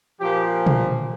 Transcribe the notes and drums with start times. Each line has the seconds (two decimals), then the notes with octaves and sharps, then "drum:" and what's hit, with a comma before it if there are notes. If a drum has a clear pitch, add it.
0.20 A#2 F3 G4
0.66 drum: tom